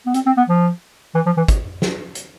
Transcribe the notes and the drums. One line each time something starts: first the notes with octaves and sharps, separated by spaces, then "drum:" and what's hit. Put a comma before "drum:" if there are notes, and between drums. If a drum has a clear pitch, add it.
B3
C4, drum: hi-hat
C4
B3
F3
E3
F3
E3
drum: kick, hi-hat
drum: snare
drum: hi-hat